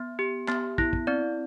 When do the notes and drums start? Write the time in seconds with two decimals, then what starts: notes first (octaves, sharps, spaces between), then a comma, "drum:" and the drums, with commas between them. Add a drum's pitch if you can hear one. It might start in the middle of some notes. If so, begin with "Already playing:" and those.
Already playing: B3
0.19 G4
0.48 B3, drum: clap
0.78 E4, drum: kick
0.93 drum: kick
1.07 C4 D5